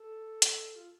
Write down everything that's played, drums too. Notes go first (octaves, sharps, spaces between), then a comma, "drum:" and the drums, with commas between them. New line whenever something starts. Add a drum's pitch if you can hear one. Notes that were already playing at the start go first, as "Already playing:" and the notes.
Already playing: A4
drum: hi-hat
F4